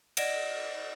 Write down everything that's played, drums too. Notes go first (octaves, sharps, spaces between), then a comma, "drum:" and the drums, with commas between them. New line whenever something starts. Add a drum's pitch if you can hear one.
D5 D#5 F#5 A#6 D7 E7, drum: cymbal